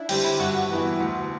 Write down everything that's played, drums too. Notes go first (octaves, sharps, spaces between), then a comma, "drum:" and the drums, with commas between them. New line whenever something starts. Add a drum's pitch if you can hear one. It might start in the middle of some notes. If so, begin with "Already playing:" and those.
Already playing: D4 E4
D3 G3 C4 G4, drum: cymbal
E4
G2 F#4
E3 B3 E4
D2